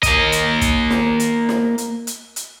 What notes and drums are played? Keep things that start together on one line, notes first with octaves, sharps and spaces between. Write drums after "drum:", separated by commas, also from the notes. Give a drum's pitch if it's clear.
A#3 D#5, drum: kick, hi-hat
drum: hi-hat
drum: kick, hi-hat
drum: snare
drum: hi-hat
drum: snare
drum: hi-hat
drum: hi-hat
drum: hi-hat